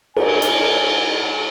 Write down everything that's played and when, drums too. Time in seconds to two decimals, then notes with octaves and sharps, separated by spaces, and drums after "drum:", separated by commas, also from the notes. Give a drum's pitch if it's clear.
0.16 A#4 G#5, drum: cymbal
0.42 drum: hi-hat